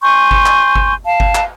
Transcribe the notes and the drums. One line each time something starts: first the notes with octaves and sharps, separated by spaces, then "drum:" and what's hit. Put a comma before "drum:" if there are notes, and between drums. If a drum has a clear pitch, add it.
G#5 C6 C#6 G6
drum: kick G1
drum: clap
drum: kick G1
F5 A5
drum: kick G1
drum: clap